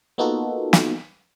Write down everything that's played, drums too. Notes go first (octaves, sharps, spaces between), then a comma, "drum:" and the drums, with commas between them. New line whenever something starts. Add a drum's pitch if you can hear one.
A#3 B3 D#4 F4 F#4 A4
drum: snare